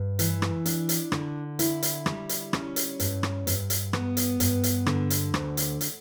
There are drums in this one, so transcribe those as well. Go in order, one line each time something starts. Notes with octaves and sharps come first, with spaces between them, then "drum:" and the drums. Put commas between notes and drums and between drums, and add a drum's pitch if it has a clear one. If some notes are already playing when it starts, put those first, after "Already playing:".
Already playing: G2
E3, drum: hi-hat
drum: rim click
D4, drum: hi-hat
drum: hi-hat
D3, drum: rim click
E4, drum: hi-hat
drum: hi-hat
G3, drum: rim click
drum: hi-hat
C#4, drum: rim click
drum: hi-hat
G2, drum: hi-hat
drum: rim click
G2, drum: hi-hat
drum: hi-hat
B3, drum: rim click
drum: hi-hat
G2, drum: hi-hat
drum: hi-hat
D3, drum: rim click
drum: hi-hat
D2, drum: rim click
drum: hi-hat
drum: hi-hat